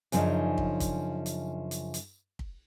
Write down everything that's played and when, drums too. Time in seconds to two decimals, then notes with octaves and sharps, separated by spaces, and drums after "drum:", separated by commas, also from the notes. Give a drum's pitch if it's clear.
0.12 F#2 C#3 F3 C4 D4 D#4, drum: hi-hat
0.58 drum: kick
0.80 drum: kick, hi-hat
1.26 drum: hi-hat
1.71 drum: hi-hat
1.94 drum: hi-hat
2.39 drum: kick